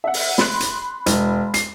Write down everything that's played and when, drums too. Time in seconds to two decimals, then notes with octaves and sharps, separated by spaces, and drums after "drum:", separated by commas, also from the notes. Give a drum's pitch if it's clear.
0.04 E5 F#5
0.14 drum: open hi-hat
0.38 B5 C6 F#6, drum: snare
0.60 drum: hi-hat
1.06 E1, drum: hi-hat
1.54 C7, drum: hi-hat